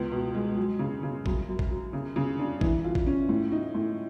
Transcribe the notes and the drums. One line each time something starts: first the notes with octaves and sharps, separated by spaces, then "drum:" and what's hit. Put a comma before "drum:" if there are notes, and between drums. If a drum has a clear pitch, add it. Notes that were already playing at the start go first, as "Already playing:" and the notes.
Already playing: C#2 B3
B2
G#3
F#3
C#3
C#3
F#2, drum: kick
F#2
drum: kick
F#3
C#3
C#3
D4
E3, drum: kick
F4
drum: kick
C#4
A2
D#4
A2